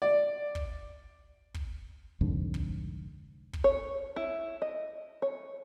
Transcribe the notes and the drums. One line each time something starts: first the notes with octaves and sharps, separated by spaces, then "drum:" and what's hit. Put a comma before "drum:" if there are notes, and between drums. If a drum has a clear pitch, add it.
D5
drum: kick
drum: kick
C2 F2 G#2 D3
drum: kick
drum: kick
C#5
E4
D#5
C#5